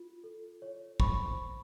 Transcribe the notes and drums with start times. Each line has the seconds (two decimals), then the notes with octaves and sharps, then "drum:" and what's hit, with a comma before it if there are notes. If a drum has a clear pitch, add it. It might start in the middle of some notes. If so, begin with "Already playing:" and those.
Already playing: F4
0.24 A4
0.62 C#5
1.00 C5 B5 C#6, drum: kick